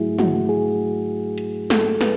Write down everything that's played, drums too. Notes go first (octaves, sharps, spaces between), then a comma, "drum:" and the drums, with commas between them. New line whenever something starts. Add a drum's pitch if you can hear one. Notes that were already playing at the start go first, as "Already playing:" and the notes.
Already playing: G#2 F#3 A3 E4 F#4 G#4
F#4, drum: tom
G#4
drum: hi-hat
A4, drum: snare
B4, drum: snare